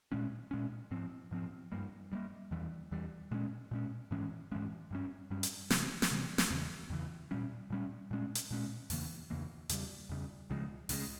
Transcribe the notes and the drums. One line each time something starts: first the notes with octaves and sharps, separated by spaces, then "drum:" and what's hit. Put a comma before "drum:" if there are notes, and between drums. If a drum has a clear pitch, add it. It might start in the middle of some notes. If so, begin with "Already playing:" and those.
A#2 G#3 C#4
A#2 G#3 C#4
G#2 F3 C4
G#2 F3 C4
G2 G3 A#3
G2 G3 A#3
E2 E3 G3
E2 E3 G3
A#2 G#3 C#4
A#2 G#3 C#4
G#2 E3 G#3 C#4
G#2 E3 G#3 C#4
G2 G3 C#4
G2 G3 C#4
drum: hi-hat
C3 E3 G3, drum: snare
drum: snare
C3 E3 G3
drum: snare
E2 C#3 E3
E2 C#3 E3
A#2 G3 C#4
A#2 G3 C#4
A#2 G#3 C#4
drum: hi-hat
A#2 G#3 C#4
E2 C#3 E3 A#3, drum: open hi-hat
E2 C#3 E3 A#3
E2 C#3 G3, drum: hi-hat
E2 C#3 G3
C#2 C#3 F3 G#3
C#2 C#3 F3 G#3, drum: open hi-hat